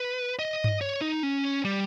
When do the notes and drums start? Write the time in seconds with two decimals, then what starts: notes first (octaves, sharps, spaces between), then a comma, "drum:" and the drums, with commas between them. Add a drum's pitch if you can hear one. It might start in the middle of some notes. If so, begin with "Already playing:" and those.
Already playing: B4
0.39 D#5
0.64 drum: tom G2
0.81 C#5
1.01 D#4
1.23 C#4
1.65 G3